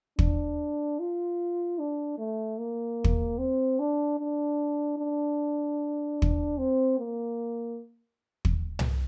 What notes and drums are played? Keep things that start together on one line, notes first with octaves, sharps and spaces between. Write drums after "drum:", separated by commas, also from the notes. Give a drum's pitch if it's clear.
D4, drum: kick
F4
D4
A3
A#3
drum: kick
C4
D4
D4
D4
drum: kick
C4
A#3
drum: kick
drum: tom C2